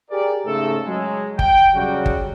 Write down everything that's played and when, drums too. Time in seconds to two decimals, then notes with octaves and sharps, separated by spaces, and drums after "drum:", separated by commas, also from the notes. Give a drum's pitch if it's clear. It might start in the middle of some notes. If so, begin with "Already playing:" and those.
0.11 G4 G#4 A#4 D5
0.46 G#2 C#3 A3 A4
0.86 F#3 G#3
1.39 G5, drum: kick G1
1.75 C#3 F#3 G3 F#4
2.06 drum: kick G1